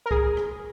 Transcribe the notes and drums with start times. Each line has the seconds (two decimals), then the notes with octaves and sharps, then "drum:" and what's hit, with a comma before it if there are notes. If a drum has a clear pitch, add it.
0.06 A#4
0.11 G#4, drum: kick
0.37 drum: rim click